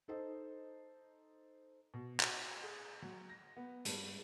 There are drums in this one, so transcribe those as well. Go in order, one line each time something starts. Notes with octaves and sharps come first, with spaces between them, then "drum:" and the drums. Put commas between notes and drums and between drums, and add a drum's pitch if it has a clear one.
D#4 A4 C5 D#5
B2
F#4, drum: clap
G#4
F#3
A#6
B3
G2, drum: hi-hat